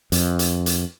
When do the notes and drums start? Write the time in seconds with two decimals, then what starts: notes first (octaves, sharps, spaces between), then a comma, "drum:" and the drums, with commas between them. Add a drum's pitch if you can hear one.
0.12 F2, drum: hi-hat
0.39 drum: hi-hat
0.66 drum: hi-hat